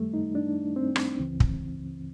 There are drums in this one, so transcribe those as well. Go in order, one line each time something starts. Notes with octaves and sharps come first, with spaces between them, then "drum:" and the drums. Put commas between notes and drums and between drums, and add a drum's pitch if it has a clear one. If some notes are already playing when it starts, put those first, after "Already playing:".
Already playing: F#2 D#3 G3 A3
D#4
D4
C4
drum: rim click
C#2 C#3 E3
drum: kick